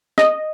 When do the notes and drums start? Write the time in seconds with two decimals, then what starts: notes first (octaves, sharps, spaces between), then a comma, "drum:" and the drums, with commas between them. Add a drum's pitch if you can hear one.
0.18 D#5, drum: snare